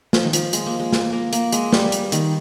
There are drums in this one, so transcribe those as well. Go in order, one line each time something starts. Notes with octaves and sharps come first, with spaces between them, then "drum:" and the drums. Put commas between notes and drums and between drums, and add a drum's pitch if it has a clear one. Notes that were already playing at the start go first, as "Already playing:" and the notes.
F3, drum: snare
D#3
F3, drum: hi-hat
G#3, drum: hi-hat
A#3
G#3
A#3, drum: snare
A#3
A#3, drum: hi-hat
G#3, drum: hi-hat
G3, drum: snare
drum: hi-hat
D#3, drum: hi-hat